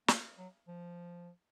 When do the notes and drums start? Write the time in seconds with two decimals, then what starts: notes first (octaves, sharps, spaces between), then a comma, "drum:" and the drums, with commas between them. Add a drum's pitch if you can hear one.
0.08 A#3, drum: snare
0.38 F#3
0.68 F3